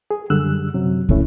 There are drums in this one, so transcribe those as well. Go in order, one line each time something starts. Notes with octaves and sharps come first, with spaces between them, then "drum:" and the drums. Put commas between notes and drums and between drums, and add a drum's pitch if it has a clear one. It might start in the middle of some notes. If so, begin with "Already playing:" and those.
G#4
F#2 D3 G3 E6 F#6
F#2 C3 F#3
F2 C3 A3 C#4 E4, drum: kick